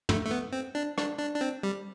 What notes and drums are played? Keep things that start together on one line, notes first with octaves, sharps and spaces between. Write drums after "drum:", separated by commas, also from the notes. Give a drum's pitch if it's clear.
A3, drum: tom
A3
B3
C4
D4
D4, drum: rim click
D4
D4
C4
G3